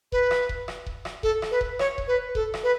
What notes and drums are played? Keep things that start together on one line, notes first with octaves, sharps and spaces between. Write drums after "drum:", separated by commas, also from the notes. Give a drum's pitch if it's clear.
B4, drum: kick D#1
drum: rim click
drum: kick D#1
drum: rim click
drum: kick D#1
drum: rim click
A4, drum: kick D#1
drum: rim click
B4
drum: kick D#1
C#5, drum: rim click
drum: kick D#1
B4
A4, drum: kick D#1
drum: rim click
B4